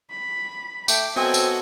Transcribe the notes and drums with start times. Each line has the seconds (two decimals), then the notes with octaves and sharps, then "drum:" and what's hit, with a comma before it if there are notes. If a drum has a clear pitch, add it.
0.11 B5
0.88 A3 G5 D6, drum: tambourine
1.16 F#3 B3 C4 F#4 A4 D#5 G#5 E6
1.34 drum: tambourine